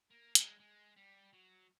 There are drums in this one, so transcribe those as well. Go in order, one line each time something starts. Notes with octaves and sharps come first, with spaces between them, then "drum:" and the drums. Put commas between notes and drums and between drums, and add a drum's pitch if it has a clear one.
A#3
G#3, drum: hi-hat
G#3
G3
F#3